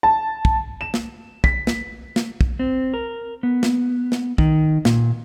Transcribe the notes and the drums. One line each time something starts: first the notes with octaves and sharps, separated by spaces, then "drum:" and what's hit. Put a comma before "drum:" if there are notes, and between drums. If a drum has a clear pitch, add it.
A5
drum: kick
E7
drum: snare
B6, drum: kick
drum: snare
drum: snare
drum: kick
C4
A#4
B3
drum: snare
drum: snare
D#3, drum: kick
A#2, drum: snare